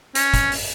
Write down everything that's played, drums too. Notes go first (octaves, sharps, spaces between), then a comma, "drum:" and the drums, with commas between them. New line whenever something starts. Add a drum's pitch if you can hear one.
C#4, drum: hi-hat
drum: kick, hi-hat
drum: open hi-hat